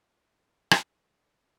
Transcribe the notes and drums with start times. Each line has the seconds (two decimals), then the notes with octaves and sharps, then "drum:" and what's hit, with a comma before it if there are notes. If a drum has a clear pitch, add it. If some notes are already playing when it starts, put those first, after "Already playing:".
0.21 D#5
0.71 drum: rim click
1.00 C3
1.23 A5